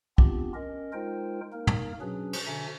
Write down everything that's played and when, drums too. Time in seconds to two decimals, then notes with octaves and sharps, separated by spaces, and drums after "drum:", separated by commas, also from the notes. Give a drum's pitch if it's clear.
0.18 B3 C4 D4 F4 G4, drum: kick
0.54 C#4 A#4 D#5
0.93 G#3 D#4 F4 A#4 C5 G5
1.53 A#3 D#4 A#4
1.67 drum: tom
2.01 B2 F#3 C#4 D4 G#4 B4
2.33 drum: cymbal
2.46 B2 D3 D4 E5 G#5 A#5